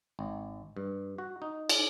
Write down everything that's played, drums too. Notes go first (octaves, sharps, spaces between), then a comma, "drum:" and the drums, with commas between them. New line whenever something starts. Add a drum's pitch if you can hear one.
G#1
G2
F#4
D#4
drum: cymbal